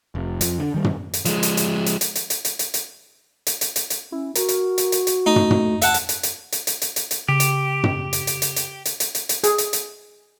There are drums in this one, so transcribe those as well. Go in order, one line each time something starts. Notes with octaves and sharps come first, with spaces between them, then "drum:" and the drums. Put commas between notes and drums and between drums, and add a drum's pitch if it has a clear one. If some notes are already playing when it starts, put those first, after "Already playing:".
F1
F2 F3, drum: hi-hat
D3
D#3 G3
drum: tom
drum: hi-hat
F3 G#3, drum: hi-hat
drum: hi-hat
drum: hi-hat
drum: hi-hat
drum: hi-hat
drum: hi-hat
drum: hi-hat
drum: hi-hat
drum: hi-hat
drum: hi-hat
drum: hi-hat
drum: hi-hat
drum: hi-hat
drum: hi-hat
C#4 E4
F#4 A#4, drum: hi-hat
drum: hi-hat
drum: hi-hat
drum: hi-hat
drum: hi-hat
A3 D#4
drum: tom
drum: tom
E5 F#5 A5, drum: hi-hat
drum: hi-hat
drum: hi-hat
drum: hi-hat
drum: hi-hat
drum: hi-hat
drum: hi-hat
drum: hi-hat
drum: hi-hat
C#3 G4
drum: hi-hat
drum: tom
drum: hi-hat
drum: hi-hat
drum: hi-hat
drum: hi-hat
drum: hi-hat
drum: hi-hat
drum: hi-hat
drum: hi-hat
G#4, drum: hi-hat
drum: hi-hat
drum: hi-hat